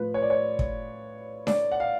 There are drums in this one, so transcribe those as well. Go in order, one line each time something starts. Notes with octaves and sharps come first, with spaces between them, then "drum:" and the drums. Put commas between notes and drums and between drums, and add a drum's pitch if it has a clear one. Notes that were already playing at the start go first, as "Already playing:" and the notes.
Already playing: A2 F3 B4
C#5
D5
C#5
drum: kick
D5, drum: snare D4
F#5
F5